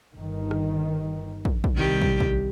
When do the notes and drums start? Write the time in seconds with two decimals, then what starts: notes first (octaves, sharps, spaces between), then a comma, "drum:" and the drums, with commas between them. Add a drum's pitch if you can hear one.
0.13 G1 D#3
0.51 drum: rim click
1.45 drum: kick
1.64 drum: kick
1.76 C2 D#3 G3 G4
2.02 drum: kick
2.20 drum: kick